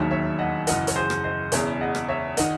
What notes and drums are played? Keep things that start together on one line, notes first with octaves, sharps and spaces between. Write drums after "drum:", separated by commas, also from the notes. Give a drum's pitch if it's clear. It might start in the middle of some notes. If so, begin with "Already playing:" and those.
Already playing: E1 D#2 D#3 F#3 C#5 E5
C#5 E5
D#5 F#5
F#1 F#2 E3 D#5 F#5, drum: hi-hat
C#5, drum: hi-hat
G#4 C5
drum: rim click
C5 D#5
E1 E2 C#3 C#5 E5, drum: hi-hat
D#5 F#5
drum: rim click
C#5 E5
D#3 D#5 F#5, drum: hi-hat